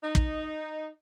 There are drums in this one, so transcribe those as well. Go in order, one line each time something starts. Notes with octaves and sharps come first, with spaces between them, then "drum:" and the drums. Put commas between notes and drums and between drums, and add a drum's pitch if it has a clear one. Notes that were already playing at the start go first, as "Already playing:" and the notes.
D#4
drum: kick